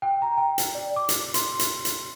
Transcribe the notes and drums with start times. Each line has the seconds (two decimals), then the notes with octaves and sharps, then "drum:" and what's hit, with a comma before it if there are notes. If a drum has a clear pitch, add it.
0.02 G5
0.22 A#5
0.37 G5
0.58 drum: hi-hat
0.75 D5
0.96 D6
1.09 drum: hi-hat
1.34 C6, drum: hi-hat
1.59 drum: hi-hat
1.85 drum: hi-hat